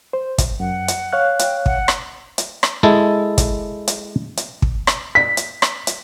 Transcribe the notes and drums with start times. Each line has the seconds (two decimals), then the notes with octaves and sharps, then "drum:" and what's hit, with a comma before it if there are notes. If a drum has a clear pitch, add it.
0.13 C5
0.38 drum: kick, hi-hat
0.60 F#2 F#5
0.88 drum: hi-hat
1.13 C#5 F5 F#6
1.39 G5, drum: hi-hat
1.66 F#5, drum: kick
1.88 drum: rim click
2.38 drum: hi-hat
2.63 drum: rim click
2.83 G#3 E4 A4
3.38 drum: kick, hi-hat
3.88 drum: hi-hat
4.37 drum: hi-hat
4.62 drum: kick
4.87 drum: rim click
5.15 B6
5.37 drum: hi-hat
5.62 drum: rim click
5.87 drum: hi-hat